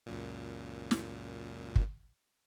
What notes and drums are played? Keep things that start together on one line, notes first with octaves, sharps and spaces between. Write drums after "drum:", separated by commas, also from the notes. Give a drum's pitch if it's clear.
C#2 F#2 A#2
drum: snare
drum: kick